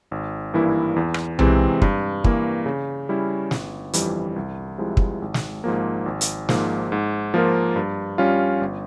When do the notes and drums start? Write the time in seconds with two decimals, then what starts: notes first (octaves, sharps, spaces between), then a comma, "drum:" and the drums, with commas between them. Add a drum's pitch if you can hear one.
0.11 G#1
0.54 G2 E3 A#3 E4
0.96 E2
1.14 drum: rim click
1.39 C3 E3 G#3 C4, drum: tom B1
1.82 G2, drum: kick
2.24 E3 A#3, drum: kick
2.66 C#3
3.09 G3 C#4 E4
3.51 G1, drum: snare
3.93 F2 E3 G3, drum: hi-hat
4.36 C2
4.78 C3 F3 G#3 E4
4.97 drum: kick
5.22 G#1
5.34 drum: snare
5.64 G#2 F3 A#3
6.06 G#1
6.21 drum: hi-hat
6.49 G#2 F3 A#3, drum: snare
6.92 G#2
7.34 F3 A#3 F4 A#4
7.76 G2
8.18 G3 C#4 F4
8.61 G1